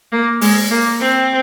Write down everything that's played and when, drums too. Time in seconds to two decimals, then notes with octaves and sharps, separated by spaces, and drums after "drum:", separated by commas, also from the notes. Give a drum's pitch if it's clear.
0.12 A#3
0.41 G#3, drum: open hi-hat
0.71 A#3
1.00 C4